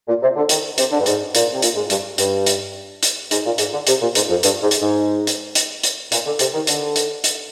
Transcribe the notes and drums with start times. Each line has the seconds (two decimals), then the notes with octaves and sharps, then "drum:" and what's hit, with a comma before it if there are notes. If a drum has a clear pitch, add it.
0.08 A#2
0.22 C3
0.36 D3
0.49 D#3, drum: hi-hat
0.78 C3, drum: hi-hat
0.92 D3
1.00 G2
1.06 G#2, drum: hi-hat
1.35 A#2, drum: hi-hat
1.53 C3
1.62 A#2, drum: hi-hat
1.76 G#2
1.90 G2, drum: hi-hat
2.18 G2, drum: hi-hat
2.46 drum: hi-hat
3.03 drum: hi-hat
3.31 G#2, drum: hi-hat
3.45 A#2
3.58 G#2, drum: hi-hat
3.72 D3
3.87 C3, drum: hi-hat
4.01 A#2
4.15 G#2, drum: hi-hat
4.29 F2
4.43 G2, drum: hi-hat
4.62 G#2
4.71 drum: hi-hat
4.81 G#2
5.27 drum: hi-hat
5.55 drum: hi-hat
5.83 drum: hi-hat
6.12 A#2, drum: hi-hat
6.26 D3
6.39 C3, drum: hi-hat
6.53 D#3
6.67 D3, drum: hi-hat
6.96 drum: hi-hat
7.24 drum: hi-hat